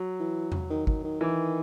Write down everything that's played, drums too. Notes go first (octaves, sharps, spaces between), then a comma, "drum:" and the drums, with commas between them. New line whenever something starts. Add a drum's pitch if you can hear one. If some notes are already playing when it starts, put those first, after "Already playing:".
Already playing: F#3
E3
drum: tom E2
D#3
D#3, drum: kick
D#3
D#3 E3